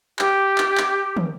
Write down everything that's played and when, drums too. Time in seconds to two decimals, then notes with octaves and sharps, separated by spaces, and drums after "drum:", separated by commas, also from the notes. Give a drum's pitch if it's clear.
0.19 G4, drum: clap
0.58 drum: clap
0.78 drum: clap
1.17 drum: tom